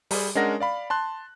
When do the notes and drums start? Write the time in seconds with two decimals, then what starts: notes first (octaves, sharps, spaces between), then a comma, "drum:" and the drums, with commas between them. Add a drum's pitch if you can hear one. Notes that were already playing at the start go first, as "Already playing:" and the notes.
0.11 G3 G#4, drum: open hi-hat
0.35 G#3 C#4 D4 A#4 F#5 A#6
0.60 D5 F5 B5
0.90 A5 C6 F#6